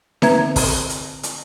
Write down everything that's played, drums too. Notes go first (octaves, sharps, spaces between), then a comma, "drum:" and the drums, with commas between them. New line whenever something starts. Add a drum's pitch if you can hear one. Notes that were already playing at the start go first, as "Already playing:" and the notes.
D3 C4 B4 E5 A#5 G#6, drum: snare D#4
drum: kick, open hi-hat
drum: hi-hat
drum: hi-hat